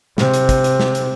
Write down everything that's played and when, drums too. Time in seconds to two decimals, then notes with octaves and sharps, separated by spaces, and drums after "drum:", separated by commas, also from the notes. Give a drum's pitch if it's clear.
0.18 C3, drum: snare
0.34 drum: hi-hat
0.49 drum: kick, hi-hat
0.64 drum: hi-hat
0.80 drum: snare
0.95 drum: hi-hat